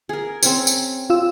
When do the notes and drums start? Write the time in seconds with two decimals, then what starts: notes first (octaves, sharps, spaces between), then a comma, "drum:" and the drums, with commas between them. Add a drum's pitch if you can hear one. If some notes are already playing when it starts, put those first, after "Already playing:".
0.09 G#4 A#4
0.43 C4 C#4 C#5, drum: tambourine
0.67 drum: tambourine
1.10 F4 E6